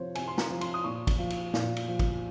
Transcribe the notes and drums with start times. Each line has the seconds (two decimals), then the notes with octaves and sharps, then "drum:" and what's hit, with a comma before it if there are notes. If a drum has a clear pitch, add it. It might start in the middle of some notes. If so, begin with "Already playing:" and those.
Already playing: C3 F3 C5 C#5
0.15 C3 G#5, drum: cymbal
0.28 C6
0.38 A#5, drum: snare
0.50 F3
0.61 C6, drum: cymbal
0.74 D#6
0.84 A#2 C#6
1.07 drum: kick, cymbal
1.19 F3
1.30 drum: cymbal
1.54 A#2, drum: snare
1.76 drum: cymbal
1.88 F3
1.99 drum: kick, cymbal